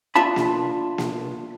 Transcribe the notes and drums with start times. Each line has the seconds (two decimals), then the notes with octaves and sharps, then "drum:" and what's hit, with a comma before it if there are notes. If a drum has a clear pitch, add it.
0.16 D4 F4 E5 A5 B5
0.36 drum: snare A#3
0.98 drum: snare A#3